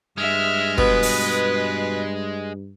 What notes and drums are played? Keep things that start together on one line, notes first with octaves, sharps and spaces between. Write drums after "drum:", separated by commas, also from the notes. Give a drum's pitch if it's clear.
G2 G#3 E5 F6
B2 B4, drum: kick
drum: open hi-hat